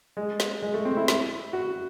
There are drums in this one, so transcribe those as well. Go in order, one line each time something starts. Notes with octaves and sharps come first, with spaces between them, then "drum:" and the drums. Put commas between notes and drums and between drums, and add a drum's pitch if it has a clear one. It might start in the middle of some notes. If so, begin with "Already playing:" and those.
G#3
drum: snare
G#3
A3
C4
E4
E4, drum: snare
F#4